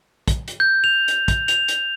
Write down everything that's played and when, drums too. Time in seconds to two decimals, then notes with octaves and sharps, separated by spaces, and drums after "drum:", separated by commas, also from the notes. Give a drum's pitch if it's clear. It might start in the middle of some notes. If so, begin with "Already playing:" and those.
0.28 drum: kick, hi-hat
0.48 drum: hi-hat
0.60 G6
0.84 F7
1.08 drum: hi-hat
1.28 drum: kick, hi-hat
1.48 F7, drum: hi-hat
1.68 drum: hi-hat